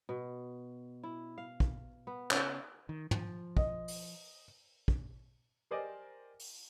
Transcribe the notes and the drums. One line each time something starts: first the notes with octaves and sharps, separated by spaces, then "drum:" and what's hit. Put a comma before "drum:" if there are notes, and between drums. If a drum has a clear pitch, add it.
B2
E4
F5
drum: kick
B3
C#3, drum: clap
D#3
F3, drum: tom
D#5, drum: kick
drum: open hi-hat
drum: kick
G4 A#4 C5 D5 D#5 G#5
drum: open hi-hat